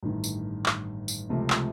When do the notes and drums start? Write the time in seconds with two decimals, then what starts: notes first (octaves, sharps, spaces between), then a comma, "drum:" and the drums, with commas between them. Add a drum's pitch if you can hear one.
0.03 A1 G2 D#3
0.24 drum: tambourine
0.66 drum: clap
1.08 drum: tambourine
1.29 C#2 C3 F3 A3
1.50 drum: clap